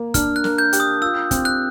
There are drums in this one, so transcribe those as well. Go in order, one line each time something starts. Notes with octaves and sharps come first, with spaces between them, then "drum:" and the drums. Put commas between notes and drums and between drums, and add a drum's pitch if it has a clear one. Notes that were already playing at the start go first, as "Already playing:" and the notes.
Already playing: A#3
D4 F6, drum: kick, hi-hat
F#6
A#4, drum: snare
G6
G4, drum: hi-hat
D#6
F4 E6
C4, drum: kick, hi-hat
F#6